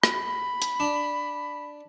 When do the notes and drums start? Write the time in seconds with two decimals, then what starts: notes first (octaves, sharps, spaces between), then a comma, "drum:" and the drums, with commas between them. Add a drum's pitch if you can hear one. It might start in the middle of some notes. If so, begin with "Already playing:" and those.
0.03 B5, drum: rim click
0.62 drum: hi-hat
0.80 D4